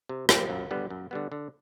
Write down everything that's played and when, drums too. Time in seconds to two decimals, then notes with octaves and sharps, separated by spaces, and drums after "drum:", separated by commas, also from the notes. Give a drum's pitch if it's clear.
0.09 C3
0.29 G3 C4, drum: rim click
0.50 F#2
0.71 D3 G3 B3
0.90 F#2
1.11 D3 G3 B3
1.32 D3